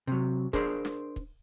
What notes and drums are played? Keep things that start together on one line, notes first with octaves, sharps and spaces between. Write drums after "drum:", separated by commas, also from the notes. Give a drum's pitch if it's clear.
C3 F#3
D4 G#4 A#4 C5, drum: kick, hi-hat
drum: snare
drum: kick